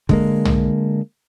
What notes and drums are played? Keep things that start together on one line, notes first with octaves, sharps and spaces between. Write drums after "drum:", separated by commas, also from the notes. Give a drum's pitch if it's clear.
D3 G#3 A#3, drum: kick
drum: tom